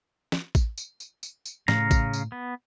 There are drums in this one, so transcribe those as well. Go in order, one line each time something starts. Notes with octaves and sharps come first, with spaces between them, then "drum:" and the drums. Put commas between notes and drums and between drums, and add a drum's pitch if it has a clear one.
drum: snare
drum: kick A1, tambourine
drum: tambourine
drum: tambourine
drum: tambourine
drum: tambourine
A2 C#3 F5 A#5, drum: snare
drum: kick A1, tambourine
drum: tambourine
B3